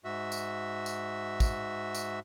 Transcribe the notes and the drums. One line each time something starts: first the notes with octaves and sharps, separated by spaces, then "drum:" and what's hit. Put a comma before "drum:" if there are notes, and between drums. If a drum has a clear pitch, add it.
G#2 F#4 E5
drum: tambourine
drum: tambourine
drum: kick, tambourine
drum: tambourine